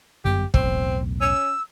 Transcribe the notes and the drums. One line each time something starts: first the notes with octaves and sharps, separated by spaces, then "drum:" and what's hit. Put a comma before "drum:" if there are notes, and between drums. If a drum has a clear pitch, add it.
G1 F#2 B3 G4
B1 E2 A2 C4, drum: kick
C#4 E6